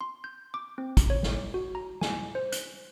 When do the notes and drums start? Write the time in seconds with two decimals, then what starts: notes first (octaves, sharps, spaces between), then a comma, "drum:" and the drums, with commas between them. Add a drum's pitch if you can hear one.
0.01 C6
0.24 G6
0.54 D6
0.78 C4
0.97 drum: kick, hi-hat
1.10 C#5
1.23 drum: snare
1.54 F#4
1.75 A#5
2.01 G#5, drum: snare
2.35 C5
2.52 F#6, drum: hi-hat